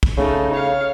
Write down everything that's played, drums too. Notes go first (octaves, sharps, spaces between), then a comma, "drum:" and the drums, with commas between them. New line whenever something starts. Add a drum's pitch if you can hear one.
drum: kick
C#3 A3 D#4
C#5 F5